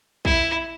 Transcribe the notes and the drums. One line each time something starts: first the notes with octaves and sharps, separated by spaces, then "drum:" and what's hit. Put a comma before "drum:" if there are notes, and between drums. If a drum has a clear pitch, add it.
E4, drum: kick A#1